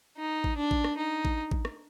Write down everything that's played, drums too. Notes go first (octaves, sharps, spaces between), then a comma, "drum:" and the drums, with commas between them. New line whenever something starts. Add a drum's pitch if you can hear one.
D#4
drum: kick A1
D4
drum: kick A1
drum: rim click
D#4
drum: kick A1
drum: kick A1
drum: rim click